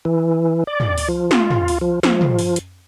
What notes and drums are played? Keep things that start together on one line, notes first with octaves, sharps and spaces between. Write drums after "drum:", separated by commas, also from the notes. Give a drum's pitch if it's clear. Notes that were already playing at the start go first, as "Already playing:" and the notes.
E3
D5
drum: tom
drum: open hi-hat
F3
F4, drum: snare
drum: tom
drum: open hi-hat
F3
F3, drum: snare
drum: tom
drum: open hi-hat
drum: hi-hat